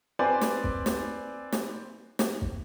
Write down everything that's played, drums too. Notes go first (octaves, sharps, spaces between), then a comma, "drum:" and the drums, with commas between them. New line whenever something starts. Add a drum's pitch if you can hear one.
C4 B4 D5 G#5 C6
drum: snare
drum: kick
drum: snare
drum: snare
drum: snare
drum: kick